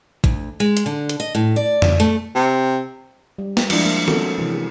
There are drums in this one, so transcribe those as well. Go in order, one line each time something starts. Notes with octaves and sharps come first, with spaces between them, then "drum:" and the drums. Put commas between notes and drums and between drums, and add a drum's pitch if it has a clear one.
D2, drum: kick
G#3
drum: hi-hat
D3
drum: hi-hat
D#5
A2
D5
drum: tom F2
A3
C3
G3
drum: snare
F3 G#3 D4 E4, drum: cymbal
A#3
C4 C#4 F#4 A4 A#4, drum: tom
C3 E3
G#4